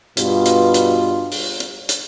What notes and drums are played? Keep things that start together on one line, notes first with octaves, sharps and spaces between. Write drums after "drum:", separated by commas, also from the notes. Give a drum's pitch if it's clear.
G2 B2 F4, drum: hi-hat
drum: hi-hat
drum: hi-hat
drum: open hi-hat
drum: hi-hat
drum: hi-hat